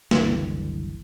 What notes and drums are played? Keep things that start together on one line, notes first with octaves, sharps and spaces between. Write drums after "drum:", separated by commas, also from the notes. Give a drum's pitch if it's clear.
F#1 C2 D3 E3, drum: snare